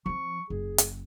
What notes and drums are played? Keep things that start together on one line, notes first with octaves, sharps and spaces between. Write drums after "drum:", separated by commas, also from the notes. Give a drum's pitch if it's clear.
F3 C4 C#6
F#1 G#4
drum: hi-hat